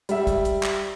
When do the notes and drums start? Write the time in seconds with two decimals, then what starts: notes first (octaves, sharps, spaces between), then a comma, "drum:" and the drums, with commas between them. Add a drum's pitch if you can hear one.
0.09 G3 E5, drum: hi-hat
0.27 drum: kick, hi-hat
0.45 drum: hi-hat
0.63 drum: clap